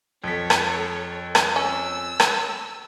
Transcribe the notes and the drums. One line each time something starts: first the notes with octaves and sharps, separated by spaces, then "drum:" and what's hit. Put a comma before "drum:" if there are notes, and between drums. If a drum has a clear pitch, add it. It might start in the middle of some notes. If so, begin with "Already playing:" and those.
F2 A4 C#5 B6
drum: rim click
drum: rim click
C#4 E6
drum: rim click